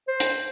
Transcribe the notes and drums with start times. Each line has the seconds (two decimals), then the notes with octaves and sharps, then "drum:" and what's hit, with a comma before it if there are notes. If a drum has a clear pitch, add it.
0.08 C5
0.20 drum: hi-hat